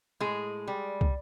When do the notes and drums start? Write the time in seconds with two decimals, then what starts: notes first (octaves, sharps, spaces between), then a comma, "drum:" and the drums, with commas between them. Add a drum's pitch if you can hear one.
0.20 A2 G#3 G#4
0.68 G3
1.01 drum: kick